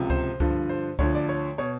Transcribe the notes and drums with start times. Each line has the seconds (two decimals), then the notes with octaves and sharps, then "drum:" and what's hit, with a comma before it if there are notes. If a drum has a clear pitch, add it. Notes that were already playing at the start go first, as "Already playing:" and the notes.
Already playing: C#2 C3 F3
0.10 C5, drum: kick C#2
0.40 G2 D3 F3, drum: kick C#2
0.69 C5
0.99 D2 D3 F3 C#5, drum: kick C#2
1.14 D5
1.29 C#5
1.58 B2 C#5